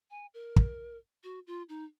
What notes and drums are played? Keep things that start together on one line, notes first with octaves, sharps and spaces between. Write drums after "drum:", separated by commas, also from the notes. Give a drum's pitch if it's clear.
G#5
A#4
drum: kick
F#4
F4
D#4